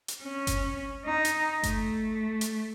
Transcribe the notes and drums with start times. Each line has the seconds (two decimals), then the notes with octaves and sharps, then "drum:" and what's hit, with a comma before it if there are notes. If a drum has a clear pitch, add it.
0.08 drum: hi-hat
0.23 C#4
0.47 drum: kick G1, hi-hat
1.05 D#4
1.25 drum: hi-hat
1.63 A3, drum: kick G1, hi-hat
2.41 drum: hi-hat